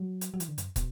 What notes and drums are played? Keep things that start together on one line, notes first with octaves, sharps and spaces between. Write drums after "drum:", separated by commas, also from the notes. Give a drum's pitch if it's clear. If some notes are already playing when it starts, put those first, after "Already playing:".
Already playing: F#3
drum: hi-hat
F#3
E3, drum: hi-hat
D3
F#2, drum: hi-hat
B2, drum: kick, hi-hat